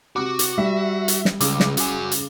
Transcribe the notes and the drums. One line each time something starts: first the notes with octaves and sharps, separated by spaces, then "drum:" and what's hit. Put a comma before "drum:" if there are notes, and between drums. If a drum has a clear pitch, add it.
C3 F#4 D6
drum: hi-hat
G3 E5
drum: hi-hat
drum: snare
C#2 C#3 D6, drum: hi-hat
drum: snare
F#4 G#5, drum: hi-hat
drum: hi-hat